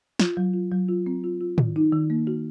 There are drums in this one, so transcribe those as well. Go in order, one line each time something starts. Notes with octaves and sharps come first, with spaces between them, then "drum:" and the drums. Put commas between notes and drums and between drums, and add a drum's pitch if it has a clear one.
F4, drum: snare
F#3
F4
F#3
F4
C4
F4
F4
D#3, drum: tom
D#4
D#3
A#3
F#4